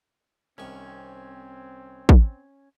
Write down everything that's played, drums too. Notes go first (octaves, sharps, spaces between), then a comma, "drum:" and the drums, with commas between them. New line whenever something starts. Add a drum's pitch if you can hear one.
C2 D#3 C4 C#4 C#6
drum: kick